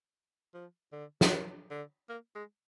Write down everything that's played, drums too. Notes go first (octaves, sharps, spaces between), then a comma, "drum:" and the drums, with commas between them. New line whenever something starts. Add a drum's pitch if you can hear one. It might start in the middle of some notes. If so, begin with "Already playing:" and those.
F3
D3
F3, drum: snare
D#3
D3
A#3
G#3